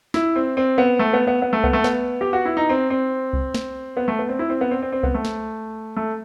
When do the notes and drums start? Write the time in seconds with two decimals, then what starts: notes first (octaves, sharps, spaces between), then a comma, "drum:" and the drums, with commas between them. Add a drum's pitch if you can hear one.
0.14 E4, drum: snare
0.36 C4
0.57 C4
0.78 B3
0.99 A3
1.13 B3
1.27 B3
1.42 B3
1.53 A3
1.63 B3, drum: kick C2
1.73 A3
1.84 B3, drum: snare
2.21 G4
2.33 F#4
2.45 E4
2.57 D#4
2.69 C4
2.90 C4
3.33 drum: kick C2
3.54 drum: snare
3.97 B3
4.08 A3
4.19 B3
4.29 C4
4.39 E4
4.50 C4
4.61 B3
4.71 C4
4.82 C4
4.92 C4
5.03 B3, drum: kick C2
5.14 A3
5.25 drum: snare
5.97 A3